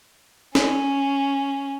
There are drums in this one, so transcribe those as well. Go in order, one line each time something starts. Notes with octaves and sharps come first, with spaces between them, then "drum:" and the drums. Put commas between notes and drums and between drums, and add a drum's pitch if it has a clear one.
C#4, drum: snare